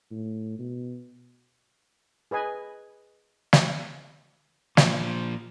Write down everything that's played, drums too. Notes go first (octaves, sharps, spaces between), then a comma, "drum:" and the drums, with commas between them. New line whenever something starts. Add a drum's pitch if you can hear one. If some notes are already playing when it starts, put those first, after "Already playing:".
A2
B2
G#4 B4 D#5 G#5
drum: snare
A#2 F3, drum: snare